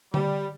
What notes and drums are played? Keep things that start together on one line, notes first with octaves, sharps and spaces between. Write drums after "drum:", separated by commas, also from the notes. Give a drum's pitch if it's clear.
G3, drum: tom D3